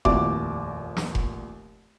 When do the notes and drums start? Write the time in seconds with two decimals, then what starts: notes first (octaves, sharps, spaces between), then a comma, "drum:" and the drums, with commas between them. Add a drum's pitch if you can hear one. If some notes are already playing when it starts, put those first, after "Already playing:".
0.05 F1 A#1 D#2 E4 F#4 D6, drum: kick F1
0.97 drum: snare
1.15 drum: kick F1